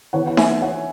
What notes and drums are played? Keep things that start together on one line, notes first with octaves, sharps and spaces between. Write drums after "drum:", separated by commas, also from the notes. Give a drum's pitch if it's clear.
E3 B3 C#5 F#5
F#5
E5 G#5, drum: snare D#4
C#5 F#5